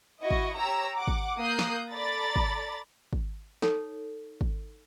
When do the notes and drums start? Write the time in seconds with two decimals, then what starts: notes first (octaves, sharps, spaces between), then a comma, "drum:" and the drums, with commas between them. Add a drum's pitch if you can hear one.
0.20 E4 F#4 D#5 C#6
0.31 drum: kick G#1
0.56 G4 C#5 A#5 E6
0.95 F#5 D6
1.07 drum: kick G#1
1.39 A#3 D#6 F#6 G6 C7
1.59 drum: snare
1.93 A4 D5 A#5 B5 A6
2.36 drum: kick G#1
3.13 drum: kick G#1
3.62 D#4 A4 C#5, drum: snare
4.41 drum: kick G#1